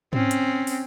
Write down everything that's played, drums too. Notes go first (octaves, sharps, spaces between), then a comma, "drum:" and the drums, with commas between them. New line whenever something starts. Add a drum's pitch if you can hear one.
C4 C#4, drum: tom G#2
drum: hi-hat
drum: open hi-hat